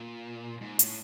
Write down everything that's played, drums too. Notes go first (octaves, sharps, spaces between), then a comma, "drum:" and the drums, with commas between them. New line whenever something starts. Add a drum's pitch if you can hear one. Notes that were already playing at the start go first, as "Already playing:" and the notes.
Already playing: A#2
G#2
A2, drum: hi-hat